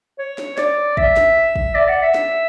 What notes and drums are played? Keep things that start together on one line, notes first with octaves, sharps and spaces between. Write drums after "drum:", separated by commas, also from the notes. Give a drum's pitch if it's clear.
C#5
drum: snare
D5, drum: snare
E5, drum: kick
drum: snare
drum: kick
D5
F#5
E5
drum: snare